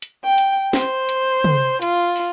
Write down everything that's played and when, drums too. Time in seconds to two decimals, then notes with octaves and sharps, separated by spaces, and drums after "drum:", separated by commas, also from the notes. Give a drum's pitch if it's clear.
0.02 drum: hi-hat
0.25 G5
0.38 drum: hi-hat
0.73 C5, drum: snare
1.09 drum: hi-hat
1.44 drum: tom
1.82 F4, drum: hi-hat
2.15 drum: open hi-hat